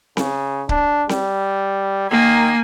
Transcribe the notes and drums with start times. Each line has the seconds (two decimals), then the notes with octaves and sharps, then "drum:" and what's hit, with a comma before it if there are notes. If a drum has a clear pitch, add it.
0.17 C#3, drum: snare C4
0.69 D4, drum: kick C#1
1.09 G3, drum: snare C4
2.11 D#3 A#3 G#5